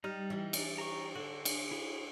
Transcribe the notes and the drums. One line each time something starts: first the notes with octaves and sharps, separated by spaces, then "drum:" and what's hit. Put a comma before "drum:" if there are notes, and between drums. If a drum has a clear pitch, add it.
G3 D#4 F6
E3 G3
drum: cymbal
A#5 C#6
D3 F#4 A4
drum: cymbal
E4 F#4 G#4